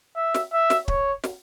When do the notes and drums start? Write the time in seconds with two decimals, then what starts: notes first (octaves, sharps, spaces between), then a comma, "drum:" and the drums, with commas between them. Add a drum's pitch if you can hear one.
0.17 E5
0.35 drum: snare
0.53 E5
0.70 drum: snare
0.88 C#5, drum: kick
1.24 drum: snare